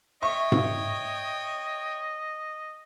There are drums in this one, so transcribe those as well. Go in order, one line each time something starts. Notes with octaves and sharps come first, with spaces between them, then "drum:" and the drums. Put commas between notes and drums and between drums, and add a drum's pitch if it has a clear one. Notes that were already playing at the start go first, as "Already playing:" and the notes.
C#5 D#5 E5 G5 C#6
drum: tom G#2